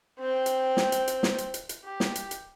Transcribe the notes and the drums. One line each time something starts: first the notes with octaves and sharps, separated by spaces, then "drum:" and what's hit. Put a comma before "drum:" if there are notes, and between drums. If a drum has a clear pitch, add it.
C4 G5
drum: hi-hat
drum: snare
drum: hi-hat
drum: hi-hat
drum: snare
drum: hi-hat
drum: hi-hat
drum: hi-hat
G4
drum: snare
drum: hi-hat
drum: hi-hat